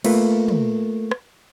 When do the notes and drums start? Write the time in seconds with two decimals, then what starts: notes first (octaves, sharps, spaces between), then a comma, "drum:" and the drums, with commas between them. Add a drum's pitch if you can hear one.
0.04 A3 A#3 F4 B4, drum: cymbal
0.48 drum: tom
1.11 drum: rim click